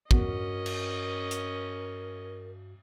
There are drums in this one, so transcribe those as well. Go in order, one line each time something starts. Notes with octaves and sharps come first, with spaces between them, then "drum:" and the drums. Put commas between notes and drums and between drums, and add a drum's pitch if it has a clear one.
B1 E2 G2 C#4 F#4 A#4 D#5, drum: kick
drum: cymbal
drum: hi-hat